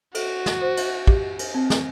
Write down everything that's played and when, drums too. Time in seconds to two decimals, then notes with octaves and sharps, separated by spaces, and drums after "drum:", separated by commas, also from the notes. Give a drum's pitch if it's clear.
0.15 F#4 A4, drum: cymbal
0.46 drum: snare
0.62 C5
0.77 drum: cymbal
1.07 G4, drum: kick
1.39 drum: cymbal
1.54 C4
1.70 drum: snare